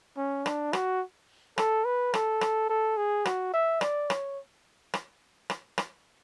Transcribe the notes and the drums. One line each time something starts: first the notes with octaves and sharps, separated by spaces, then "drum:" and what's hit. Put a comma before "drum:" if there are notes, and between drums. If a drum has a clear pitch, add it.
C#4
D4, drum: rim click
F#4, drum: rim click
A4, drum: rim click
B4
A4, drum: rim click
drum: rim click
A4
G#4
F#4, drum: rim click
E5
D5, drum: rim click
C#5, drum: rim click
drum: rim click
drum: rim click
drum: rim click